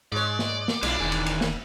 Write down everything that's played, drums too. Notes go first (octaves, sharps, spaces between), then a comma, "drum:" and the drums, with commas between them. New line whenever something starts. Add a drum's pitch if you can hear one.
G#2 G#3 C#5 D5
drum: snare
drum: snare
B1 G#3 D4 E4 F4, drum: cymbal
E1 D#3 E3 G#4
drum: cymbal
drum: cymbal
drum: snare